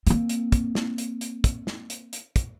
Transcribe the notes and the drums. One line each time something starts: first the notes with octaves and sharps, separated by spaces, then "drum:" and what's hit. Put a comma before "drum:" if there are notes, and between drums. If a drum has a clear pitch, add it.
A#3 C4, drum: hi-hat
drum: hi-hat
drum: kick, hi-hat
drum: snare
drum: hi-hat
drum: hi-hat
drum: kick, hi-hat
drum: snare
drum: hi-hat
drum: hi-hat
drum: kick, hi-hat